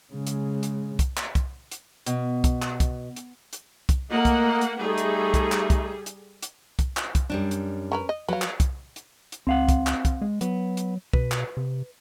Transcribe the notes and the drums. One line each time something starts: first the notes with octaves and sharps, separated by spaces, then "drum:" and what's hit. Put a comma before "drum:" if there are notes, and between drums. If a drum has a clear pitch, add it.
C#3 G#3
drum: hi-hat
drum: hi-hat
drum: kick, hi-hat
drum: clap
drum: kick, hi-hat
drum: hi-hat
B2, drum: hi-hat
drum: kick, hi-hat
drum: clap
drum: kick, hi-hat
drum: hi-hat
drum: hi-hat
drum: kick, hi-hat
A3 A#3 A#4 D#5 F#5
drum: kick, hi-hat
drum: hi-hat
G3 A3 D#4 G#4 A4
drum: hi-hat
drum: kick, hi-hat
drum: clap
drum: kick, hi-hat
drum: hi-hat
drum: hi-hat
drum: kick, hi-hat
drum: clap
drum: kick, hi-hat
F#2 G3 D4
drum: hi-hat
C#4 A#4 B4
D#5
F#3 B4 F5
drum: clap
drum: kick, hi-hat
drum: hi-hat
drum: hi-hat
C#2 C4 F5 F#5
drum: kick, hi-hat
drum: clap
drum: kick, hi-hat
G#3
F#3 B3, drum: hi-hat
drum: hi-hat
B2 B4, drum: kick
drum: clap
C3